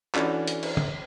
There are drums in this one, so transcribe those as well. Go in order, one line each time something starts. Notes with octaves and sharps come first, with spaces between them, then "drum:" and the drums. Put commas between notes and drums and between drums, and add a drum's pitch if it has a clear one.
E3 C#4 D4 F#4 A4, drum: clap
drum: hi-hat
drum: cymbal
drum: tom D3